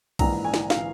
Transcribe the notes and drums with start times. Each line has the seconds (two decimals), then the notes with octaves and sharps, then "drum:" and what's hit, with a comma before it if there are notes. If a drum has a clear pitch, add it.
0.19 A#1 G#2 E3 A#5, drum: kick B1, cymbal
0.45 G#5
0.54 drum: snare
0.70 E3 F5, drum: snare